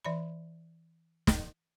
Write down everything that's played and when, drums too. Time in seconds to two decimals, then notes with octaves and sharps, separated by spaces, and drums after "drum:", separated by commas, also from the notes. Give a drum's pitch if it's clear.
0.05 E3 D5 E5 B5
1.27 drum: snare